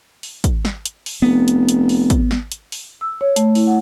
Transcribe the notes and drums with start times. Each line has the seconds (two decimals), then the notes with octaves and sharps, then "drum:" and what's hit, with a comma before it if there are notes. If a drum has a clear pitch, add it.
0.23 drum: open hi-hat
0.44 drum: kick, hi-hat
0.65 drum: snare
0.85 drum: hi-hat
1.06 drum: open hi-hat
1.22 F1 B3
1.48 drum: hi-hat
1.69 drum: hi-hat
1.89 drum: open hi-hat
2.10 drum: kick, hi-hat
2.31 drum: snare
2.52 drum: hi-hat
2.72 drum: open hi-hat
3.01 E6
3.21 C#5
3.36 A3, drum: hi-hat
3.55 E4, drum: open hi-hat
3.67 F#5